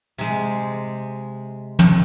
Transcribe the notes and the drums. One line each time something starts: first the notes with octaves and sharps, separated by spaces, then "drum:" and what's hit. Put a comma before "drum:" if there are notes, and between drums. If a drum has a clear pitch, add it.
C3 G#3
drum: tom